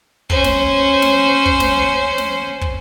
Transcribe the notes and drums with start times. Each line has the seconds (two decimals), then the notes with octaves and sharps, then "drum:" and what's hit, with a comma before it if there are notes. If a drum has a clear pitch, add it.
0.30 C#4 C5, drum: kick
0.44 drum: snare
1.02 drum: snare
1.46 drum: kick
1.60 drum: snare
2.18 drum: snare
2.61 drum: kick